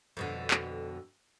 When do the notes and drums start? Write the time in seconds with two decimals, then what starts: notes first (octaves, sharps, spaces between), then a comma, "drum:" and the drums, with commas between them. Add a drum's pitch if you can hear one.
0.17 F2 B2 D3
0.51 drum: clap